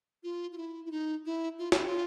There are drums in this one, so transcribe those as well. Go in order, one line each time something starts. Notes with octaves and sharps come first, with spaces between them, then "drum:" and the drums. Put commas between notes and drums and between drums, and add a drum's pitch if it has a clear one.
F4
F4
E4
E4
D#4
E4
F4
E4, drum: snare
F4